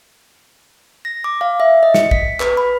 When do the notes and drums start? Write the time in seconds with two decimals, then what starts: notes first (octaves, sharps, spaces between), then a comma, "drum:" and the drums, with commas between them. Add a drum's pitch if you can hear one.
1.05 A#6
1.24 D6
1.41 F5
1.60 E5
1.83 D#5
1.94 C#7, drum: snare
2.11 B6, drum: kick
2.40 B4, drum: clap
2.57 B5